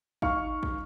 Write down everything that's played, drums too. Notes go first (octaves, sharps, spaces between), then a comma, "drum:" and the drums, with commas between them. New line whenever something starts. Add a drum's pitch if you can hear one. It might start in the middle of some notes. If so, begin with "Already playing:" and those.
D#4 F5 C#6 F6, drum: kick
drum: kick